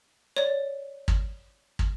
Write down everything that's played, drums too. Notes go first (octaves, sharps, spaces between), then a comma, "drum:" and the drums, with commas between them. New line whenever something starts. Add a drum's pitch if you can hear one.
C#5 D5
drum: kick
drum: kick